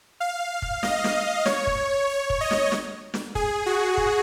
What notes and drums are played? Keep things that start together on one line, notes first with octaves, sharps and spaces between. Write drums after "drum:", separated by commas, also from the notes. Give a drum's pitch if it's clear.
F5
drum: kick
D#5, drum: snare
drum: snare
C#5, drum: snare
drum: kick
C#5
drum: kick
D#5
drum: snare
drum: snare
drum: snare
G#4, drum: kick
F#4
drum: kick